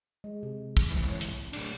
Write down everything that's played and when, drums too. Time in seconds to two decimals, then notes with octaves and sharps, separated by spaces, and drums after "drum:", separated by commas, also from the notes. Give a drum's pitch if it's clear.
0.24 G#3
0.43 C3
0.77 drum: kick
0.90 G#2 E3
1.10 C#5
1.21 drum: hi-hat
1.53 A2 D4, drum: cymbal